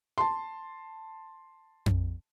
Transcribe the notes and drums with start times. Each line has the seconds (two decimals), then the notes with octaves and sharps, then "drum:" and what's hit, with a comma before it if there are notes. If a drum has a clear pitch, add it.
0.18 A5 C6
1.86 drum: tom F2